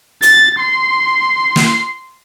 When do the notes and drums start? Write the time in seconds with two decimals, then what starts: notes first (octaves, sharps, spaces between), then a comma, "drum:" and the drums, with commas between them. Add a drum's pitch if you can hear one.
0.22 A6, drum: hi-hat
0.60 C6
1.56 drum: snare